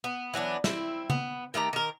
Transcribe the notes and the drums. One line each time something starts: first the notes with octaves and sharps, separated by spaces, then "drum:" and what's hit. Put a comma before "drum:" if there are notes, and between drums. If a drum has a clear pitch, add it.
B3
E3 F#3 B3 D4
C4 E4, drum: snare
B3, drum: tom C#3
D#3 A3 G4 A#5
D#3 A#4